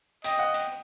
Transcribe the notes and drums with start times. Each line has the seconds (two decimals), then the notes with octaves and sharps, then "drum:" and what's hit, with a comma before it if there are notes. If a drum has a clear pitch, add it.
0.24 D#5 G5, drum: hi-hat
0.39 F#5
0.54 G5, drum: hi-hat